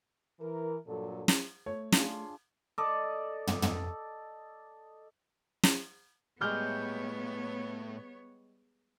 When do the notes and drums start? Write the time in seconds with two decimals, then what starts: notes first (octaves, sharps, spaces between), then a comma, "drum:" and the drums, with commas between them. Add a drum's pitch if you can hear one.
0.39 E3 A#4
0.87 G2 A#2 F#3 A4
1.28 drum: snare
1.66 A3 C#5
1.92 D4 F4 G#4, drum: snare
2.78 A4 D5 D#5
3.47 drum: tom
3.62 drum: tom
5.63 drum: snare
6.41 A2 G3 G#3 B3 C#5 F6 G6